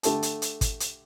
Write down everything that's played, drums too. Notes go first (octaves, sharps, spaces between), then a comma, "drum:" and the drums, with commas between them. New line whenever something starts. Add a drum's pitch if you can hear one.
D3 A3 G4 A5, drum: hi-hat
drum: hi-hat
drum: hi-hat
drum: kick, hi-hat
drum: hi-hat